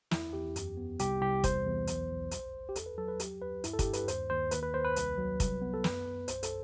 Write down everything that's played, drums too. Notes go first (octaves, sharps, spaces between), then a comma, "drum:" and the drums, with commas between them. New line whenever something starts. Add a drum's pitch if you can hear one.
E2 E4, drum: snare
E2 G4
F#2, drum: hi-hat
B3
C2 G4, drum: hi-hat
C2 G4
E2 C5, drum: kick, hi-hat
E2
B1, drum: hi-hat
B1
G1, drum: hi-hat
G1
G4
E2 A4, drum: hi-hat
B4
F#3 A4
B4
D#2 G4, drum: hi-hat
D#2 B4
G2 E4, drum: hi-hat
A4
G4, drum: kick, hi-hat
G2
B4, drum: hi-hat
D#2 C5, drum: hi-hat
D#2 C5
D#2 B4, drum: hi-hat
B4
D#2 C5
B4
C2, drum: hi-hat
F#3
C2, drum: kick, hi-hat
B3
A4
F#2 B4, drum: snare
F#2
B1 C5, drum: hi-hat
A4, drum: hi-hat